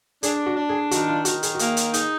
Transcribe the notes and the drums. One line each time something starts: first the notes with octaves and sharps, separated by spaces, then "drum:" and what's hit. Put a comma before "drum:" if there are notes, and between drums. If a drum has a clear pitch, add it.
D4 G#4, drum: hi-hat
F#4
D4
G#4
D#3 F#4, drum: hi-hat
F4
D#3 F#4, drum: hi-hat
G#4, drum: hi-hat
F#4
A#3 G#4, drum: hi-hat
drum: hi-hat
D#4 G#4, drum: hi-hat